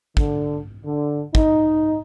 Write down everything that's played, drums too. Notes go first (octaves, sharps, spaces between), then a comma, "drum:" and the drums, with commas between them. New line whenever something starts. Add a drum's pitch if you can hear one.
D3, drum: kick
D3
D#4, drum: kick